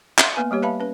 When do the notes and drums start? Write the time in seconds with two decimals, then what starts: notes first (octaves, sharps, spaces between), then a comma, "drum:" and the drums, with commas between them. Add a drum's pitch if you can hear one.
0.18 E5 C6, drum: clap
0.36 A#3 B3 B4 G#5
0.51 G3 A#3 G4 C#5
0.62 B4 E5 F5 A5 B5
0.80 C#4 B4